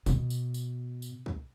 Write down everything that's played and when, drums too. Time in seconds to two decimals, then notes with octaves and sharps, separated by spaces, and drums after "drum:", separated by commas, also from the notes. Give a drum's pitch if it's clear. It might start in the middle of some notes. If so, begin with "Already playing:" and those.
0.06 B2, drum: kick, tambourine
0.30 drum: tambourine
0.54 drum: tambourine
1.02 drum: tambourine
1.26 drum: kick